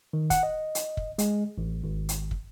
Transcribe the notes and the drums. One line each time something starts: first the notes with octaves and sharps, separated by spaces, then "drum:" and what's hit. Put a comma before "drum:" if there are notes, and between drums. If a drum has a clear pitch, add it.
D#3
F#5, drum: kick, hi-hat
D#5
drum: hi-hat
drum: kick
G#3, drum: hi-hat
A1
G#1
drum: hi-hat
drum: kick